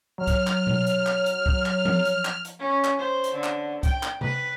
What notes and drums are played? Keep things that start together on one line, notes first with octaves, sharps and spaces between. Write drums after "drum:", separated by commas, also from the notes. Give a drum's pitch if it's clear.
F#3 F6
drum: kick, hi-hat
drum: clap
drum: tom B2
drum: hi-hat
drum: clap
drum: hi-hat
drum: kick
drum: clap
drum: tom F3
drum: hi-hat
drum: clap
drum: hi-hat
C#4
drum: clap
C5
drum: hi-hat
D3
drum: clap
G5, drum: kick, hi-hat
drum: clap
B4, drum: tom C3